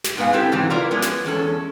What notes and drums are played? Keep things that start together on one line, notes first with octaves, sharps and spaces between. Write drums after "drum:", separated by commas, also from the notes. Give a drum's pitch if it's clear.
drum: snare
G#2 G#3 B3 B4 F5 G#5
C4 E4 G4 A4
G#2 C3 E3 F#3 G#3
E4 F4 A#4 B4 D5
F3 G#3 B3 C#4
drum: snare
E2 G#3 C#4 A4